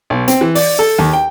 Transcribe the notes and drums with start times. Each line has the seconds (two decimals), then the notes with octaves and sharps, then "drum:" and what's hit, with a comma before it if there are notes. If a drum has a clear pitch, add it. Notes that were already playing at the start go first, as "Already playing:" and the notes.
0.10 B1
0.28 C4, drum: hi-hat
0.41 E3
0.55 D5, drum: open hi-hat
0.79 A4
0.98 D#2
1.13 G5